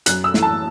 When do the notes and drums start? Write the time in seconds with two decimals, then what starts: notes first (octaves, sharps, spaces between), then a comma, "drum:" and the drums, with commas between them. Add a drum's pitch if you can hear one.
0.06 F#2 F#6, drum: hi-hat
0.24 E6
0.34 E3 A3, drum: snare
0.43 A5